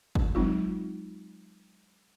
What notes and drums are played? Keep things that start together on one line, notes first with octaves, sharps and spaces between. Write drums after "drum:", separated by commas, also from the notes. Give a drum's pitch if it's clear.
drum: kick
F#3 G#3 C4 D#4 F4